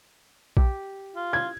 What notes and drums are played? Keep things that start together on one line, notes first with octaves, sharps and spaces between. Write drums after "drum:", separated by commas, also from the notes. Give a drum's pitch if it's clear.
G4, drum: kick A#1
F4
G#6